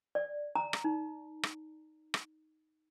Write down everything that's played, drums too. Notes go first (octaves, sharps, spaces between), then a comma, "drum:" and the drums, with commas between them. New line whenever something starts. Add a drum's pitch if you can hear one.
D5
A#5
drum: rim click
D#4
drum: rim click
drum: rim click